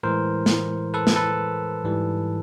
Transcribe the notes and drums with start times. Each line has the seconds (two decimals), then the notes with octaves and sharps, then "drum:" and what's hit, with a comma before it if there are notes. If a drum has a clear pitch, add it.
0.03 A2 E3 G#3 A#4 C5
0.46 drum: snare
0.94 A4 B4
1.07 drum: snare
1.16 A4 B4
1.84 G#2 E3 G3